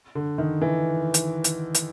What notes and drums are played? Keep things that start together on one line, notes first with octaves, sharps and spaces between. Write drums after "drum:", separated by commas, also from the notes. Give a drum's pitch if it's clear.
D3
D#3
E3
drum: hi-hat
drum: hi-hat
drum: hi-hat